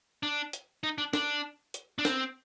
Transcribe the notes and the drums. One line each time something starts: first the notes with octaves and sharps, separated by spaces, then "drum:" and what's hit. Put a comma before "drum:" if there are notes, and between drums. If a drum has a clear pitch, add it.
D4
drum: hi-hat
D#4
D4
D4, drum: snare
drum: hi-hat
D4
C4, drum: snare